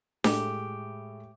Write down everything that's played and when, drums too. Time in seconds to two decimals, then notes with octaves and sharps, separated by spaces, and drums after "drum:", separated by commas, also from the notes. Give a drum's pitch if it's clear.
0.24 A2 G#3 G4 A4, drum: snare D4